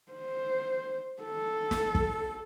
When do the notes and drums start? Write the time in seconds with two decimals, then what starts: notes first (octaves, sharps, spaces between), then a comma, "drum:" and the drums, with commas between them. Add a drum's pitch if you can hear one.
0.12 C5
1.23 A4
1.71 drum: snare
1.95 drum: kick